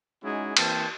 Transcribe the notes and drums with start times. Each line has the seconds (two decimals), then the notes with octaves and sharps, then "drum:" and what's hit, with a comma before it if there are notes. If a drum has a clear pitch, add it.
0.23 G#3 C#4 D#4 E4 F#4 G#4
0.57 E3 A#3 C4 C5 G5 A5, drum: cymbal